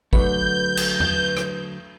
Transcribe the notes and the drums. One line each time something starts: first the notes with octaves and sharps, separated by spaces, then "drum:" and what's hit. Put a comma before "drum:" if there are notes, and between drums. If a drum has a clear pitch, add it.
D3 F#3 A3 B4 G6, drum: kick A1
drum: cymbal
drum: tom E2
drum: rim click